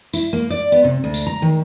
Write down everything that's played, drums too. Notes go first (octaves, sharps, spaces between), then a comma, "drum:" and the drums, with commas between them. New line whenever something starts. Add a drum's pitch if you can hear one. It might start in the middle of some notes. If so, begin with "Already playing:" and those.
E4, drum: tambourine
A#3
D5
B3
C3
D2
drum: tambourine
A#5
D#3